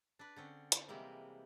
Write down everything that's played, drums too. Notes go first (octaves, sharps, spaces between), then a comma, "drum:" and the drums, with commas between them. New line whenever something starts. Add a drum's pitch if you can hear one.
D4 B4
D3 C4 C#4
drum: hi-hat
C3 E3 G3 G#3 A#3 C4